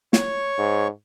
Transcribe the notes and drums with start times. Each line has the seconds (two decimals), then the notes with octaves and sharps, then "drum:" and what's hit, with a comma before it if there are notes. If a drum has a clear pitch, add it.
0.13 C#5 C#6, drum: snare
0.58 G#2